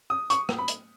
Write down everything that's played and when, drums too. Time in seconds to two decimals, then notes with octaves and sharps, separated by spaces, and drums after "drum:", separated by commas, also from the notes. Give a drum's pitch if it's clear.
0.10 D#6
0.30 C#6, drum: hi-hat
0.49 drum: rim click
0.59 B5
0.68 drum: hi-hat